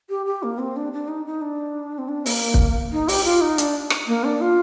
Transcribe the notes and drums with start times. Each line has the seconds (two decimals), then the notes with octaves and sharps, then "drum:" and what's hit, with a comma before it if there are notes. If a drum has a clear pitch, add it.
0.09 G4
0.26 G4
0.43 A#3
0.59 C4
0.76 D4
0.93 D4
1.08 D#4
1.26 D#4
1.42 D4
1.98 C4
2.09 D4
2.26 A#3, drum: open hi-hat
2.54 drum: kick
2.92 D#4
3.08 G4, drum: open hi-hat
3.24 F4
3.41 D#4
3.58 D4, drum: hi-hat
3.90 drum: rim click
4.07 A#3
4.24 D4
4.41 F4